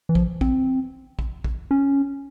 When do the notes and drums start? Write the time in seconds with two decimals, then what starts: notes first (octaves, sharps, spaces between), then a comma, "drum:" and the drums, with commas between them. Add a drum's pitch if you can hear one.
0.09 E3
0.15 F3, drum: kick
0.41 C4, drum: kick
1.19 drum: kick
1.44 drum: kick
1.71 C#4